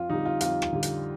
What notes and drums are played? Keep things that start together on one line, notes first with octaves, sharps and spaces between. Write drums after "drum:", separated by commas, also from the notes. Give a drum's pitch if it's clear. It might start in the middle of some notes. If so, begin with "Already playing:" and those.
Already playing: F2 F4
D3 G3 D#4
F4
F2 F4, drum: hi-hat
drum: rim click
D3 G3
drum: hi-hat